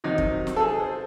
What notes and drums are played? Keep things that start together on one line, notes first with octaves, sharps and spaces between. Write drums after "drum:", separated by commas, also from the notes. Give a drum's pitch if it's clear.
C3 D#3 F#3 D#4
drum: kick
drum: snare
A4
G#4
C5